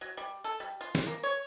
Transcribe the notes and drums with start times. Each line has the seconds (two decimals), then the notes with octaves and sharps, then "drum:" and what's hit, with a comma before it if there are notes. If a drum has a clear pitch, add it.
0.01 F#3
0.17 G3
0.44 A4
0.60 G3
0.81 F4
0.95 drum: snare
1.07 A#3
1.23 C#5